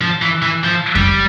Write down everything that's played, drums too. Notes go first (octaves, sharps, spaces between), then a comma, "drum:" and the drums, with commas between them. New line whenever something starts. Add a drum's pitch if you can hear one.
F3
E3
E3
F3
G3, drum: kick F2